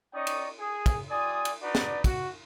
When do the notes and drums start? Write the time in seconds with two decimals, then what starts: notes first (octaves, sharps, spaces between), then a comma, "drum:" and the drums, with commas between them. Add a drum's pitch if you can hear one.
0.14 C#4 D#4 D5 D#5 G5 C#6
0.27 drum: cymbal
0.60 G#4
0.86 drum: kick, cymbal
1.10 G3 F4 D5 G#5 D#6
1.45 drum: cymbal
1.62 D4 D#4 F#4 B4 D5
1.75 drum: snare
2.04 F#4, drum: kick, cymbal